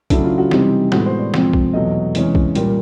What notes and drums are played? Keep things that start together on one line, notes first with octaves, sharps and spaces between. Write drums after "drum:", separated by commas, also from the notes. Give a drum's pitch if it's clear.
C#3 F#3 A3 D4 E4, drum: kick, hi-hat
F4
F#4
C3 E3 G3 C4 D#4 G4, drum: snare
A2 E3 G#3 B3 F#4, drum: snare
C5
D5
F2 C3 F3 G#3 C4, drum: snare
drum: kick
E2 B2 F#3 A3 D#5
E2 C3 E3 G#3 C#4, drum: hi-hat
drum: kick
A#2 G3 A#3, drum: hi-hat